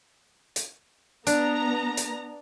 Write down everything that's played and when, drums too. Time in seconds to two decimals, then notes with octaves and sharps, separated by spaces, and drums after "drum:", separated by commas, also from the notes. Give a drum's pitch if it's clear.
0.56 drum: hi-hat
1.27 B3 D4 A#5, drum: hi-hat
1.97 drum: hi-hat